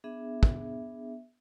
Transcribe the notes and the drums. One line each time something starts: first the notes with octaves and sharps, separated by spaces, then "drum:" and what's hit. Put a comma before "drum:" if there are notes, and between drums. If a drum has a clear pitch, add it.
B3 D4 G#4 E5
drum: kick